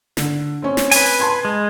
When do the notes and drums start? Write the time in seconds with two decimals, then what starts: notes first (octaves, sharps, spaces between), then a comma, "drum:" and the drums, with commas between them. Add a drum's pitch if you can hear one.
0.17 D3, drum: snare
0.62 C4 C#4
0.77 drum: snare
0.91 B4 G#5, drum: open hi-hat
1.20 A5 C6 G#6
1.45 G#3